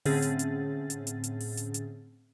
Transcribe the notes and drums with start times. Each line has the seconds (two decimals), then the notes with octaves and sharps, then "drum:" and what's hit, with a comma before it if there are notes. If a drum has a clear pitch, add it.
0.05 A2 D3 C4 C#4 G#4 A6, drum: open hi-hat
0.22 drum: hi-hat
0.39 drum: hi-hat
0.90 drum: hi-hat
1.07 drum: hi-hat
1.24 drum: hi-hat
1.40 drum: open hi-hat
1.57 drum: hi-hat
1.74 drum: hi-hat